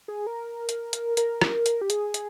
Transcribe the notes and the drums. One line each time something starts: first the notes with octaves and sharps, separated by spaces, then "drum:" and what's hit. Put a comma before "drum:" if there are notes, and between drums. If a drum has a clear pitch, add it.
G#4
A#4
drum: hi-hat
drum: hi-hat
A#4, drum: hi-hat
drum: rim click
drum: hi-hat
G4
G#4, drum: hi-hat
drum: hi-hat